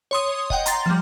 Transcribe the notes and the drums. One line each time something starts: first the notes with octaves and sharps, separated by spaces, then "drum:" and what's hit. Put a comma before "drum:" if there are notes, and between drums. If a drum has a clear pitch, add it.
C#5 C6 D#6
D#5 F#5 G5, drum: kick F1
A#5 C6 A6, drum: hi-hat
F3 G3